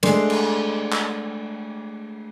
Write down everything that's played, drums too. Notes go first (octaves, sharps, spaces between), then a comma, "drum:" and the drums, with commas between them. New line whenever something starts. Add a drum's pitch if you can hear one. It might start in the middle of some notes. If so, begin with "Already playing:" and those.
G#3 A3 D4 C5 D5, drum: cymbal
drum: cymbal
drum: clap